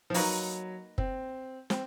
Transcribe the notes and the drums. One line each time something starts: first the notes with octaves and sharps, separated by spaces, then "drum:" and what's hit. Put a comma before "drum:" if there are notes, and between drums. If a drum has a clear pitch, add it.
F3
F#3 A#3 D#4 F#4 B4, drum: open hi-hat
C4, drum: kick
C4, drum: snare